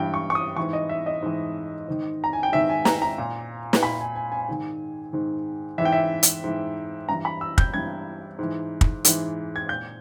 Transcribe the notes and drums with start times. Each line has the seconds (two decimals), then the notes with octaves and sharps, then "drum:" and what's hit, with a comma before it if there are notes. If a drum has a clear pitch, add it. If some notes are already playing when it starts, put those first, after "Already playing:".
Already playing: G2 E3 G5
0.14 C#6
0.30 C#6
0.35 D#6
0.57 G#2 E3 C#6
0.73 D#5
0.89 E5
1.06 D#5
1.22 G#2 E3
1.88 G#2 D#3
2.24 A#5
2.33 G#5
2.43 G5
2.52 G#2 D#3 E5
2.69 G#5
2.85 A#5, drum: snare
3.02 A#5
3.18 A#2
3.73 drum: snare
3.83 A#2 B5
4.00 G#5
4.15 G#5
4.32 G#5
4.48 G#2 D#3
5.13 G#2 D#3
5.78 G#2 E3 E5
5.85 G5
5.92 E5
6.23 drum: hi-hat
6.44 G#2 E3
7.09 G2 E3 A#5
7.25 B5
7.41 E6
7.58 G6, drum: kick
7.74 G2 E3 G#6
8.39 G#2 E3
8.81 drum: kick
9.05 G#2 E3, drum: hi-hat
9.56 G#6
9.69 A#2 G6